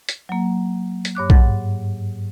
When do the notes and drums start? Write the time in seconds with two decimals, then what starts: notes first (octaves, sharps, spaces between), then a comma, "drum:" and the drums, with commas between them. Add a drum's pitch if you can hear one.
0.09 drum: hi-hat
0.29 F#3 A#3
1.05 drum: hi-hat
1.15 G2 C#5 D6 F#6
1.30 G#2 F#5 A6, drum: kick A#1